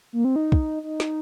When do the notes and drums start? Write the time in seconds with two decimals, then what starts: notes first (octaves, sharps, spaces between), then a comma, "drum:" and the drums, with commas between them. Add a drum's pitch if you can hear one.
0.13 A#3
0.25 C4
0.36 D#4
0.52 drum: kick
0.83 D#4
1.00 drum: snare